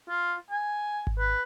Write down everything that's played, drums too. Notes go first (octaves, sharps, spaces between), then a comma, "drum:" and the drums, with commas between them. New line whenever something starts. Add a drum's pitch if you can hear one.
F4
G#5
drum: kick G#1
B4